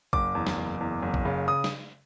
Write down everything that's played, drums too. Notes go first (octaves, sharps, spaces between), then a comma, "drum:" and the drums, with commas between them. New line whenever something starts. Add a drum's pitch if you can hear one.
F#1 D6, drum: kick A#1
E2
drum: snare
F#1
E2
F#1
drum: kick A#1
C#3
D#6
drum: snare